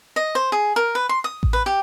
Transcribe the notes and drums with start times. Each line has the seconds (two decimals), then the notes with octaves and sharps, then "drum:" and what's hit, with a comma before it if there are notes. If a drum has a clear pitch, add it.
0.16 D#5
0.35 C5
0.52 G#4
0.76 A#4
0.95 B4
1.09 C6
1.24 D#6
1.43 drum: kick A1
1.53 B4
1.66 G4